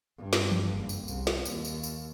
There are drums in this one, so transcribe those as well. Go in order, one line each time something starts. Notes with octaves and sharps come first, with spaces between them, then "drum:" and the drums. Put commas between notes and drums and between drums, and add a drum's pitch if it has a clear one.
G2
drum: snare
drum: tom E3
F#1
drum: tambourine
C2, drum: tambourine
drum: snare
D#2, drum: tambourine
drum: tambourine
drum: tambourine